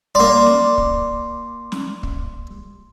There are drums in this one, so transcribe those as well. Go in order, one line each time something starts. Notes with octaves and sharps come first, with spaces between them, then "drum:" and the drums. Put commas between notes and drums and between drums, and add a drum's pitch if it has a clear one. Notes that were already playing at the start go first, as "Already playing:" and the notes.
A#3 D5 C6
drum: snare
drum: kick
drum: snare
drum: kick